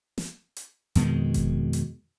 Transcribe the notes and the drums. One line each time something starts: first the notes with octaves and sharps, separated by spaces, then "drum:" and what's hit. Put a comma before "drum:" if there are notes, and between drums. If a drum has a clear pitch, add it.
drum: snare
drum: hi-hat
F2 B2 D#3 G#3, drum: hi-hat
drum: kick F1, hi-hat
drum: hi-hat